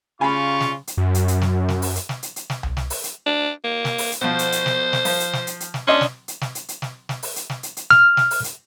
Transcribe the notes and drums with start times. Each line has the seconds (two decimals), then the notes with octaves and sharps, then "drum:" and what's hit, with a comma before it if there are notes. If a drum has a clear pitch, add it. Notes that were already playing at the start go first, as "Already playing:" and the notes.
0.21 C#3 G3 F4 G#5 B5 C#6
0.60 drum: snare
0.87 drum: hi-hat
0.97 F#2
1.14 drum: hi-hat
1.28 drum: hi-hat
1.41 drum: snare
1.69 drum: snare
1.82 drum: open hi-hat
1.96 drum: hi-hat
2.09 drum: snare
2.23 drum: hi-hat
2.36 drum: hi-hat
2.50 drum: snare
2.63 drum: tom C2
2.77 drum: snare
2.90 drum: open hi-hat
3.04 drum: hi-hat
3.26 D4
3.64 A#3
3.85 drum: snare
3.98 drum: open hi-hat
4.12 drum: hi-hat
4.21 B2 F3 C5
4.39 drum: hi-hat
4.52 drum: hi-hat
4.66 drum: snare
4.93 drum: snare
5.05 F3, drum: open hi-hat
5.20 drum: hi-hat
5.33 drum: snare
5.47 drum: hi-hat
5.60 drum: hi-hat
5.74 drum: snare
5.87 C#4 D4 D#5 C6
6.01 drum: snare
6.28 drum: hi-hat
6.41 drum: snare
6.55 drum: hi-hat
6.68 drum: hi-hat
6.82 drum: snare
7.09 drum: snare
7.23 drum: open hi-hat
7.36 drum: hi-hat
7.50 drum: snare
7.63 drum: hi-hat
7.77 drum: hi-hat
7.90 F6, drum: snare
8.17 drum: snare
8.31 drum: open hi-hat
8.44 drum: hi-hat